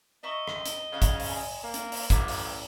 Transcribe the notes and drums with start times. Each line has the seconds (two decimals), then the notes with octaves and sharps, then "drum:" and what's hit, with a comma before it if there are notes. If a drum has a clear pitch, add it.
0.23 D#5 E5 A#5 C#6
0.47 drum: rim click
0.66 drum: hi-hat
0.92 C#3 C#5 F5 F#5
1.02 drum: kick, hi-hat
1.20 drum: open hi-hat
1.29 G#5
1.64 A#3
1.74 drum: hi-hat
1.92 drum: open hi-hat
2.10 A1 F#3 E4 D6, drum: kick, hi-hat
2.28 drum: open hi-hat